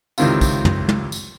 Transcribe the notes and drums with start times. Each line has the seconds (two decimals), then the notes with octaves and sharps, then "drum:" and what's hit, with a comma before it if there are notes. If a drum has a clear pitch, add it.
0.18 C#2 C3 D#3 C4 E4 F4, drum: tambourine
0.41 drum: kick, tambourine
0.65 drum: tom
0.89 drum: tom
1.12 drum: tambourine